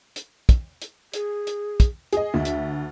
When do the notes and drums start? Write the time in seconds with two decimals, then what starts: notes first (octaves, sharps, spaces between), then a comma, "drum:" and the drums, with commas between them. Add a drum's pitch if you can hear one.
0.16 drum: hi-hat
0.49 drum: kick, hi-hat
0.82 drum: hi-hat
1.14 G#4, drum: hi-hat
1.47 drum: hi-hat
1.80 drum: kick, hi-hat
2.13 G#4 D#5, drum: hi-hat
2.34 D2 E5
2.45 drum: hi-hat